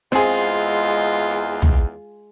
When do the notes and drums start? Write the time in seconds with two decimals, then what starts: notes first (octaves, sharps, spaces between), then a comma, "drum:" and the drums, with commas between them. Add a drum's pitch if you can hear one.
0.12 E2 G#3 C4 F4 G#4, drum: rim click
1.62 drum: tom